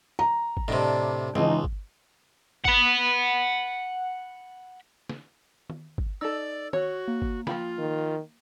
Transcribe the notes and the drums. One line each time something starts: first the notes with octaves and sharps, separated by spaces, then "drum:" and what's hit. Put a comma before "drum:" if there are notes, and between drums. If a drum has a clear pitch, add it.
A#5
drum: kick G1
A2 C3 D4 D#5
C#2 E3 G#3 C4 D#4 G#5 A5, drum: tom G2
drum: kick G1
F#5 B5, drum: kick G1
drum: snare
drum: tom D#3
drum: kick G1
D#4 A4 D5 E6
F#4 C#5, drum: tom D#3
A#3
drum: kick G1
F3 F4 G5 B5, drum: snare
D#3